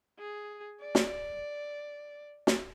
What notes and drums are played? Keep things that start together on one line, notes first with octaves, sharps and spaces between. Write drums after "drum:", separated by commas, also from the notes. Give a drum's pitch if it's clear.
G#4
D5
drum: snare
drum: snare